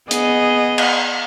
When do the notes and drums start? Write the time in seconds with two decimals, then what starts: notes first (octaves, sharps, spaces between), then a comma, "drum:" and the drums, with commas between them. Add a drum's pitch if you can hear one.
0.11 B3 G#4 D#5, drum: hi-hat
0.78 drum: cymbal